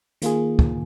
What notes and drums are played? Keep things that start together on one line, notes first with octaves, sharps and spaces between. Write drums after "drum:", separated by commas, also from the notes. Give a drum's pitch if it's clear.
D#3 A#3 F4 G#4, drum: hi-hat
drum: kick